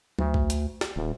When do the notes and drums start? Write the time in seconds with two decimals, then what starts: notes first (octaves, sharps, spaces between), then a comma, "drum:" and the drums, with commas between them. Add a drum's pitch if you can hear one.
0.19 D2, drum: tom
0.34 drum: kick A#1
0.50 drum: hi-hat
0.81 drum: snare
0.96 D#1